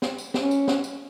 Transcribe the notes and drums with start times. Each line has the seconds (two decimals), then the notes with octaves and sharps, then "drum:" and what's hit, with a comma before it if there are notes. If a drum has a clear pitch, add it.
0.02 drum: snare
0.18 drum: tambourine
0.34 C#4, drum: snare
0.51 drum: tambourine
0.68 drum: snare
0.84 drum: tambourine